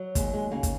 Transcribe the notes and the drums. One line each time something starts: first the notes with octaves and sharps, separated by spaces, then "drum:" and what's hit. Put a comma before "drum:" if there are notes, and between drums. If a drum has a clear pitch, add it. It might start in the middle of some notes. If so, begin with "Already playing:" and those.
Already playing: F#3
D#2 G#3, drum: kick, hi-hat
G#3
C#3 A#3
drum: kick, hi-hat